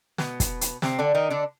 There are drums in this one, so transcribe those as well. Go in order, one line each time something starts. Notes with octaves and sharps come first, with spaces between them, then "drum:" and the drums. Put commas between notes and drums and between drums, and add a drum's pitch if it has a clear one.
B2 B3, drum: snare
drum: kick, hi-hat
drum: hi-hat
C3 C4, drum: snare
D3 D4
D#3 D#4
D3 D4